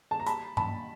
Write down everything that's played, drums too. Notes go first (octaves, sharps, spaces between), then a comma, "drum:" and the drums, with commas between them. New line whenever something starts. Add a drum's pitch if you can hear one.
A5
A#5
A5 B5, drum: hi-hat
A5 B5, drum: tom G2